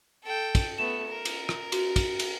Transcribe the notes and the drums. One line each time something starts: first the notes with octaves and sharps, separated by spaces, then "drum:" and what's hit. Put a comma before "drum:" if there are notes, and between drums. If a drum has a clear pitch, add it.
A4 G5
drum: kick, cymbal
A3 B3 E7
A#4
drum: cymbal
drum: rim click
F#4, drum: cymbal
drum: kick, cymbal
drum: cymbal